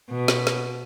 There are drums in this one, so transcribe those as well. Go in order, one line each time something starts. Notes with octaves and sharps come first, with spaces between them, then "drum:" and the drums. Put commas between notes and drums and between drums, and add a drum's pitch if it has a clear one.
B2
drum: snare
drum: snare